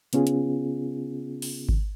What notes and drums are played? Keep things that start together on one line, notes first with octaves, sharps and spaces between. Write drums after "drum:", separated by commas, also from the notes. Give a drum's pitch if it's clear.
C#3 B3 C#4 F4 G#4, drum: hi-hat
drum: hi-hat
drum: open hi-hat
drum: kick G#1